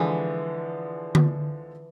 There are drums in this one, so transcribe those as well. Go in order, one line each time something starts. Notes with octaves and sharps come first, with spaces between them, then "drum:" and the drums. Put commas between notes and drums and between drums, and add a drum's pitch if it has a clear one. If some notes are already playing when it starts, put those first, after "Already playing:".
Already playing: D3 E3 F3 G#3
drum: tom D3